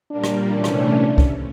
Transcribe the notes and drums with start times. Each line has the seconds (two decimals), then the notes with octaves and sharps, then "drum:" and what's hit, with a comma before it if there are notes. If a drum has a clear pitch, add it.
0.10 A#2 G3 A#3 D4
0.24 drum: rim click
0.50 C3 E3 A3 C#4 D4
0.64 drum: rim click
1.18 drum: kick C2